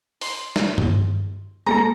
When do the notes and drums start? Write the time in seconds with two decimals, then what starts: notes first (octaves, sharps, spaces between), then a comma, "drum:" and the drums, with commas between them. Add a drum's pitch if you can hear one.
0.21 C6, drum: open hi-hat
0.56 drum: snare
0.78 drum: tom G2
1.67 G#3 A#3 A4 A#5